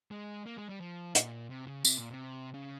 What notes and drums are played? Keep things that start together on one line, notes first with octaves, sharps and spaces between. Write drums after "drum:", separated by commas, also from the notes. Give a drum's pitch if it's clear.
G#3
A#3
G#3
G3
F3
A#2, drum: hi-hat
C3
C#3
C3, drum: tambourine
A#2
C3
C#3